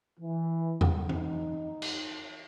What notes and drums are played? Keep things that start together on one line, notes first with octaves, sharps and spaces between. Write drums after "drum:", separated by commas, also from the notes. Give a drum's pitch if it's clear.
E3
drum: tom E2
D#4, drum: tom
drum: cymbal